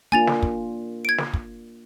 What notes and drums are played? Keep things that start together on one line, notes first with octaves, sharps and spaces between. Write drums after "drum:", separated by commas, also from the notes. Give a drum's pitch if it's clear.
A#3 D4 F4 G#5 A6 F7
drum: snare
drum: kick
G#6 D7
drum: snare
drum: kick